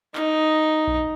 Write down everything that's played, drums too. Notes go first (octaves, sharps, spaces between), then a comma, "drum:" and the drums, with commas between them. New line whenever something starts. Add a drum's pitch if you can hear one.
D#4, drum: clap
drum: kick A#1